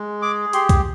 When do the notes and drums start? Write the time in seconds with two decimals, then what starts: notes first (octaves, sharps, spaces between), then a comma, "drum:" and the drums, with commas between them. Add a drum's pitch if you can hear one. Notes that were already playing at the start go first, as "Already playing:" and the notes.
Already playing: G#3
0.22 G#4 D6
0.53 G4 C6, drum: hi-hat
0.69 drum: kick C2, hi-hat